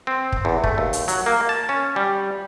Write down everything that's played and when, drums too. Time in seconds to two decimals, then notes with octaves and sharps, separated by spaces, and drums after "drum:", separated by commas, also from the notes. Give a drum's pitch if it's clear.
0.07 C4
0.32 drum: kick
0.45 E2
0.64 A3, drum: kick
0.78 D#2
0.93 drum: hi-hat
1.08 F#3, drum: hi-hat
1.26 A#3
1.49 A5
1.69 C#4
1.96 G3